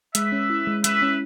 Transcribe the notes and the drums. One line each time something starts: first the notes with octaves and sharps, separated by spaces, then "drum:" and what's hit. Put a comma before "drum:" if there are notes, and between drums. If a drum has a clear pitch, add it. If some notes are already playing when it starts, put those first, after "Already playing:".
G#3 B4 E5, drum: hi-hat
C#4
E4
G#3
G#3 B4 E5, drum: hi-hat
C#4